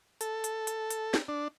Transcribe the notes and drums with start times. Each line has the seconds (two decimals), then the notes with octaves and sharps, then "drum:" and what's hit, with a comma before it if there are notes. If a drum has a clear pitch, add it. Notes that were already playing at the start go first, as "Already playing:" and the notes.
0.21 A4, drum: hi-hat
0.44 drum: hi-hat
0.67 drum: hi-hat
0.90 drum: hi-hat
1.14 drum: snare
1.28 D4